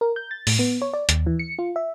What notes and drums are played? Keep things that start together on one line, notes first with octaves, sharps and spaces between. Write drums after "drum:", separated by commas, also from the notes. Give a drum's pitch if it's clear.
A#4
G6
A6
A2, drum: open hi-hat
B3
C#5
D5
D#2, drum: hi-hat
E3
C#7
F4
E5